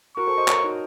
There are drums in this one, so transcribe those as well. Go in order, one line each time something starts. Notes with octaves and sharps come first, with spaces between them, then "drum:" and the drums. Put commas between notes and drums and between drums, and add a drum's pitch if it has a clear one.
F#4 A#4 C#6
A4 C5
C5 D#5
A#4 C#5, drum: clap
D#4 F#4